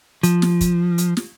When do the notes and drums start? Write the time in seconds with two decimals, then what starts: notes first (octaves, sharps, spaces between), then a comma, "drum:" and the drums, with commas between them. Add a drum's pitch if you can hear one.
0.23 F3, drum: hi-hat
0.42 drum: snare
0.61 drum: kick, hi-hat
0.98 drum: hi-hat
1.17 drum: snare